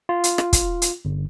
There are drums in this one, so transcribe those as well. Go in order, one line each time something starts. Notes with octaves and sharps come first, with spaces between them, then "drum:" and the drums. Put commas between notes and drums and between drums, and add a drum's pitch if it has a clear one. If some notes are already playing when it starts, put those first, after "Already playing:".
F4
drum: hi-hat
drum: rim click
drum: kick, hi-hat
drum: hi-hat
G1